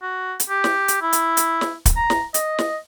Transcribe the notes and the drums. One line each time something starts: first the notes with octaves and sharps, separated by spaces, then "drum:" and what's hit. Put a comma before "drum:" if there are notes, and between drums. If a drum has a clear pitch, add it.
F#4
drum: hi-hat
G4
drum: snare
drum: hi-hat
E4
drum: hi-hat
drum: hi-hat
drum: snare
drum: kick, hi-hat
A#5
drum: snare
D#5, drum: hi-hat
drum: snare